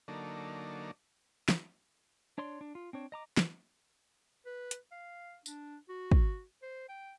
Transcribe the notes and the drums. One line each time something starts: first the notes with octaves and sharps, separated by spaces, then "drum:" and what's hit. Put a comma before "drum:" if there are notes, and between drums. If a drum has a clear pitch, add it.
D3 F#3 A#3 D#4 A4 D5
drum: snare
D4 C#5 D5 C6
D4
F4
C4 D4 C#5
D#5 A#5 D6
drum: snare
B4
drum: hi-hat
F5
D4, drum: tambourine
F#4
drum: kick
C5
G5